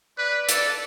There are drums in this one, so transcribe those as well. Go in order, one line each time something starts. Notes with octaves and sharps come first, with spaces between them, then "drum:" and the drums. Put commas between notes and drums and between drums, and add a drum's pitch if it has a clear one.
B4 D5
A4 D5, drum: hi-hat